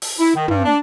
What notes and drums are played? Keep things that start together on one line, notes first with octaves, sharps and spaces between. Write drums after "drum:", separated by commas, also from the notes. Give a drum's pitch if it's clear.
drum: open hi-hat
E4
D#3
G2, drum: tom
D4